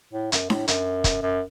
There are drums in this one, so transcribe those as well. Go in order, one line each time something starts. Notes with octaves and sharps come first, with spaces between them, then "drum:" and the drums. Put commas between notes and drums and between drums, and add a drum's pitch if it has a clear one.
A2
F#2, drum: hi-hat
A2, drum: snare D4
F#2, drum: hi-hat
drum: kick, hi-hat
F#2